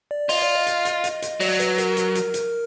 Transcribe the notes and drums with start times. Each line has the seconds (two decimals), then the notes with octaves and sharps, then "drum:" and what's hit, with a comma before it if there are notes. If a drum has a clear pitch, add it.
0.11 D5
0.29 F4 D#5, drum: open hi-hat
0.42 D5
0.55 D#5
0.67 drum: hi-hat
0.85 drum: hi-hat
1.04 drum: hi-hat
1.22 drum: hi-hat
1.40 F#3 D5, drum: open hi-hat
1.60 B4, drum: hi-hat
1.78 A#4, drum: hi-hat
1.97 drum: hi-hat
2.15 drum: hi-hat
2.34 drum: hi-hat